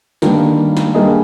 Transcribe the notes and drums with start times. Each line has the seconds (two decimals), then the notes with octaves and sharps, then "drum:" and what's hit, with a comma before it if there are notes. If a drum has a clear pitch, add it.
0.22 D#3 G3 A#3 D4, drum: snare
0.77 drum: snare
0.95 G3 A#3 D4 G#4 D#5